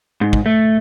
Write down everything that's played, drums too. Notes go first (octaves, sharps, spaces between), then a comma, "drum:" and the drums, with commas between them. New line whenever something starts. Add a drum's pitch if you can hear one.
G#2
drum: kick
A3